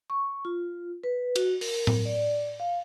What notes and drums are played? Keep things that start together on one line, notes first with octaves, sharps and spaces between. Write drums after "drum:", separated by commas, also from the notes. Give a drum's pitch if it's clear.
C#6
F4
B4
F#4, drum: cymbal
A#4, drum: open hi-hat
drum: tom A2
D5
F5